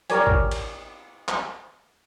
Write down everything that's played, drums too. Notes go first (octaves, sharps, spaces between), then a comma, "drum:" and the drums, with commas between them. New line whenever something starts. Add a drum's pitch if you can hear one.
G4 A#4 C#5 D5 G#5, drum: hi-hat
drum: kick G#1
drum: cymbal
drum: clap